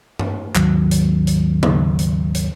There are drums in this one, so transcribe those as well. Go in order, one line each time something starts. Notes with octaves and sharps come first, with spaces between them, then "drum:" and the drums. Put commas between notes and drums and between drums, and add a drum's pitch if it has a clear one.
drum: tom G2
G#1 D#2 F#3, drum: clap
drum: hi-hat
drum: hi-hat
drum: tom C#3
drum: hi-hat
drum: hi-hat